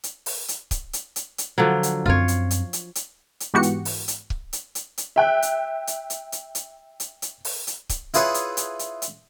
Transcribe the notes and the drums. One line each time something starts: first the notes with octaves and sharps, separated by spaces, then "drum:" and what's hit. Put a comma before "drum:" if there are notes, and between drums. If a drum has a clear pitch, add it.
drum: hi-hat
drum: open hi-hat
drum: hi-hat
drum: kick C#1, hi-hat
drum: hi-hat
drum: hi-hat
drum: hi-hat
D3 F3 F#3
drum: hi-hat
F#2 C4 F4 C#5
drum: hi-hat
drum: hi-hat
drum: hi-hat
drum: hi-hat
drum: hi-hat
G#2 E3 B3 F#4 G4 C#7
drum: hi-hat
drum: open hi-hat
drum: hi-hat
drum: kick C#1
drum: hi-hat
drum: hi-hat
drum: hi-hat
E5 G5 F#6
drum: hi-hat
drum: hi-hat
drum: hi-hat
drum: hi-hat
drum: hi-hat
drum: hi-hat
drum: hi-hat
drum: open hi-hat
drum: hi-hat
drum: kick C#1, hi-hat
E4 F4 G#4 B4 C#5, drum: hi-hat
drum: hi-hat
drum: hi-hat
drum: hi-hat
drum: hi-hat